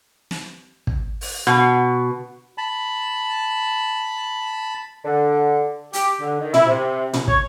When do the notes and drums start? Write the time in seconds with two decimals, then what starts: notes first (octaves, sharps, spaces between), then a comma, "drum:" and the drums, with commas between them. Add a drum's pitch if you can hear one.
0.31 drum: snare
0.87 drum: kick
1.21 drum: open hi-hat
1.47 B2
2.58 A5 B5
5.05 D3
5.93 G4, drum: hi-hat
6.21 D3
6.39 D#3
6.54 E4, drum: tom
6.66 C3
7.13 drum: tom
7.28 C#5, drum: kick